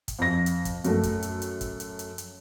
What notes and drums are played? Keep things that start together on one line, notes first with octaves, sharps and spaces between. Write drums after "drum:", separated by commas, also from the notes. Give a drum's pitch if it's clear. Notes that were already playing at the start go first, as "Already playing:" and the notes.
drum: kick, hi-hat
F2 A#6
drum: hi-hat
drum: kick, hi-hat
F#2 A3, drum: hi-hat
drum: kick, hi-hat
drum: hi-hat
drum: hi-hat
drum: kick, hi-hat
drum: hi-hat
drum: hi-hat
drum: hi-hat